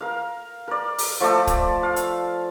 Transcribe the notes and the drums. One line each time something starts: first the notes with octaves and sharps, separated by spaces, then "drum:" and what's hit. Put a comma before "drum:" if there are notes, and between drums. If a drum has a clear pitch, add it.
A#4 F5
A#4 D5
drum: open hi-hat
F3 A3 A4 D5
drum: kick, hi-hat
F5
drum: hi-hat